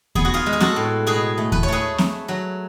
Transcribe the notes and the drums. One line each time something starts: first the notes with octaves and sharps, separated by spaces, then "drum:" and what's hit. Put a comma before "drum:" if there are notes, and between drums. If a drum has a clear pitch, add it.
B3 G#4, drum: kick D#2
F#4
F4 G#4
G#3
G#4
F#4 A4, drum: snare
A2
B2 G#4 B4
A3
B4, drum: kick D#2
C#5
A3 G#4 B4
A3, drum: snare
F#3